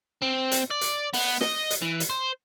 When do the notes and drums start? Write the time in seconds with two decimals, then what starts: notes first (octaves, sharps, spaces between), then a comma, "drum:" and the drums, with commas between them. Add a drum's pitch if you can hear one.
0.22 C4
0.52 drum: hi-hat
0.70 D5
0.81 drum: hi-hat
1.13 B3, drum: open hi-hat
1.41 D#5, drum: snare
1.70 drum: hi-hat
1.82 E3
2.00 drum: hi-hat
2.10 C5